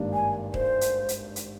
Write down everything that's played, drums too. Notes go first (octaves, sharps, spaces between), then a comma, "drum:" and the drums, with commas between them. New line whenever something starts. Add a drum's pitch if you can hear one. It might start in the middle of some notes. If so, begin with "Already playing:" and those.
Already playing: G#1 G2 D#3 A#3 D4
G#5
C5, drum: kick D#1
drum: hi-hat
drum: hi-hat
drum: hi-hat